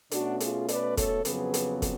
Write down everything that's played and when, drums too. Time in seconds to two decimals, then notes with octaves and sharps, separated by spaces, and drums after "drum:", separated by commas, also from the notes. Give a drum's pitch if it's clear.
0.11 B2 A3 C#4 D4 F#4, drum: hi-hat
0.40 F4 G#4, drum: hi-hat
0.68 B4 D5, drum: hi-hat
0.97 A4 C#5, drum: kick, hi-hat
1.25 F2 C#3 F#3 B3 G#4 B4, drum: hi-hat
1.54 drum: hi-hat
1.82 drum: kick, hi-hat